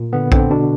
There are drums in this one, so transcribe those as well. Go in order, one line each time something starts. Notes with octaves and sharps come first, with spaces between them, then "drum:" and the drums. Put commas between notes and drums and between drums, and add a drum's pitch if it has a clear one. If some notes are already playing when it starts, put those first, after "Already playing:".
Already playing: A#2
D3 B3
D3 C4, drum: kick A#1
B2 D4